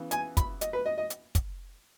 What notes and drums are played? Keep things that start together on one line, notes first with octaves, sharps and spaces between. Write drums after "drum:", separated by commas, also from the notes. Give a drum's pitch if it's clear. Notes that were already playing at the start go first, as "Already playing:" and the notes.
Already playing: C#3 E3 B3
G#5, drum: hi-hat
B5, drum: kick, hi-hat
D#5, drum: hi-hat
B4
D#5
D#5
drum: hi-hat
drum: kick, hi-hat